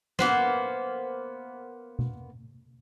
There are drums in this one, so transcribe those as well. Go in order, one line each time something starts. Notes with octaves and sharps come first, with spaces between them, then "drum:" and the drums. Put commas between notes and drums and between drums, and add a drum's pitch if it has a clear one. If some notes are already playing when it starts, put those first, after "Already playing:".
A#3 B3 C5, drum: snare
drum: tom B2